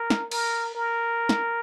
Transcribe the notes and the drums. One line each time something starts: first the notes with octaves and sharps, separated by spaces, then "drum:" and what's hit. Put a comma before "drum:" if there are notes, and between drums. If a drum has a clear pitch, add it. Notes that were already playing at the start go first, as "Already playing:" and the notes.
Already playing: A#4
drum: snare
A#4, drum: cymbal
A#4
drum: snare